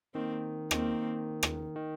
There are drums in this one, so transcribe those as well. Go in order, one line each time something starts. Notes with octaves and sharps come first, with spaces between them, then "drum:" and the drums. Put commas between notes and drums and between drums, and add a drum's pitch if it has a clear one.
D#3 A#3 C4
D#3 A#3 C4, drum: rim click
drum: rim click
D#3